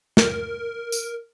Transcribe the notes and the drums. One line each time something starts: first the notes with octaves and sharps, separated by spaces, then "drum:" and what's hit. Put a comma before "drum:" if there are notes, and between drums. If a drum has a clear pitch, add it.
A#4, drum: snare
drum: tambourine